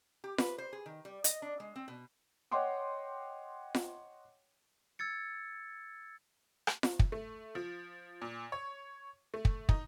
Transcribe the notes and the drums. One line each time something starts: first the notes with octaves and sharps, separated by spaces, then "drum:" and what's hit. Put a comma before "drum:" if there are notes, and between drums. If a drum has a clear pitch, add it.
G4
B4, drum: snare F4
C5
G#4
D#3
G3
D#5, drum: hi-hat
D4
G#3
C4
B2
C#5 D#5 F#5 G5 C6 D6
drum: snare F4
E6 G#6 A6 C#7
drum: rim click
drum: snare F4
drum: kick
A3
F3
A#2
C#5
A3
drum: kick
D#4, drum: kick